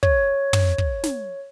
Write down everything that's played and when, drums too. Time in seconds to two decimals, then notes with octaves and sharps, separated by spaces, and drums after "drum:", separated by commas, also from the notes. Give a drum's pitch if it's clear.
0.03 C#5, drum: kick
0.53 drum: tom
0.78 drum: kick
1.04 drum: snare